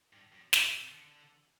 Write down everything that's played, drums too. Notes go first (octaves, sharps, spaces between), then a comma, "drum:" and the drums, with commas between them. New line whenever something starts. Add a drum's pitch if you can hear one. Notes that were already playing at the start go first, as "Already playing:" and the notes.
G2
F#2
G2, drum: snare
B2
D3